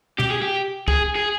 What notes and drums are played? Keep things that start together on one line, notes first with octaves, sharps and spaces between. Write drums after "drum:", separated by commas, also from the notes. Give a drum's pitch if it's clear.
G4, drum: tom
G#4
G4
G#4, drum: kick
G#4